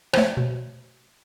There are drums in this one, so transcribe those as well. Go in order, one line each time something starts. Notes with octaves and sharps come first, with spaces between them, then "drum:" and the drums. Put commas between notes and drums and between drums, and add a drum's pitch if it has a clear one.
C5, drum: rim click
A3 C#5
B2